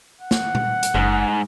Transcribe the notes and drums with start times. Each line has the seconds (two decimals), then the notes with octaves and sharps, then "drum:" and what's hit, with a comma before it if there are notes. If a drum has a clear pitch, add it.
0.21 F#5
0.31 drum: snare
0.55 drum: tom A#2
0.83 drum: hi-hat
0.95 F#1 G#2